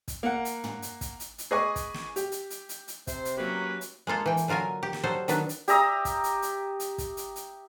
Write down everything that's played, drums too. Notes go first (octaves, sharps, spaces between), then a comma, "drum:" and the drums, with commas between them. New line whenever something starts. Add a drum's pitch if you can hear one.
drum: kick, hi-hat
A#3 F#5
drum: hi-hat
drum: tom
drum: hi-hat
drum: kick, hi-hat
drum: hi-hat
drum: hi-hat
G#4 B4 D#5 G#5 C#6 D6
drum: kick, hi-hat
drum: snare
G4, drum: hi-hat
drum: hi-hat
drum: hi-hat
drum: hi-hat
drum: hi-hat
C3 C5, drum: kick, hi-hat
drum: hi-hat
F#3 A#3 C#4 G4 B4
drum: hi-hat
G#3 A#3 F4 A4
E3 G5
drum: hi-hat
D3 F#3 F4 A#4 G#5
G4
drum: snare
F#3 G3 A4 C5
D#3 F#3 B3 D4 B4, drum: hi-hat
drum: hi-hat
G4 E5 A#5 D#6, drum: hi-hat
drum: kick, hi-hat
drum: hi-hat
drum: hi-hat
drum: hi-hat
drum: kick, hi-hat
drum: hi-hat
drum: hi-hat